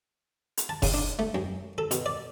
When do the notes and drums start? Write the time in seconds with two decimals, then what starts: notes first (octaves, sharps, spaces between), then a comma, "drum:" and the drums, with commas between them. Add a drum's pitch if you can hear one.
0.57 drum: hi-hat
0.69 A5
0.82 C#3, drum: kick F1, open hi-hat
0.94 D4
1.19 A3
1.35 F#2
1.78 A4
1.91 B2, drum: hi-hat
2.06 D5